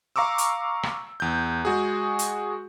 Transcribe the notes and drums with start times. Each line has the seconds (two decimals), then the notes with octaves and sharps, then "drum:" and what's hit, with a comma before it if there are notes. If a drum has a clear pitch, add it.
0.16 F5 A#5 C#6 D6 E6
0.38 drum: hi-hat
0.83 drum: rim click
1.20 E2 G6
1.65 G#3 F#4 G#4
2.19 drum: hi-hat